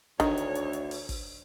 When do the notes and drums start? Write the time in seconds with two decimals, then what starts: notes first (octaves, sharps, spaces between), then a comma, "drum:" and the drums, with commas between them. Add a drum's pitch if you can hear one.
0.20 D2 D#3 D4 C#5, drum: kick, hi-hat
0.38 drum: hi-hat
0.55 drum: hi-hat
0.73 drum: hi-hat
0.91 drum: open hi-hat
1.09 drum: kick, open hi-hat